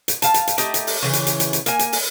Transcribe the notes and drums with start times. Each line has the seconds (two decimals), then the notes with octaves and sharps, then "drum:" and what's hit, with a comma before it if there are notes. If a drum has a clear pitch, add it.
0.08 drum: hi-hat
0.22 F5 A5, drum: hi-hat
0.34 drum: hi-hat
0.47 drum: hi-hat
0.58 A3 D#4 G4, drum: hi-hat
0.74 drum: hi-hat
0.87 drum: open hi-hat
1.03 C#3 E3 C#5
1.13 drum: hi-hat
1.27 drum: hi-hat
1.40 drum: hi-hat
1.53 drum: hi-hat
1.66 A#3 G#5, drum: hi-hat
1.79 drum: hi-hat
1.92 drum: open hi-hat